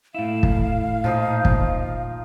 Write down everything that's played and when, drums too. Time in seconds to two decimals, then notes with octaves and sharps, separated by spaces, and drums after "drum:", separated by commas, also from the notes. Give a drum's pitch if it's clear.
0.15 A2 E4 F5
0.43 drum: kick
1.04 A#2 F3 D#4
1.45 drum: kick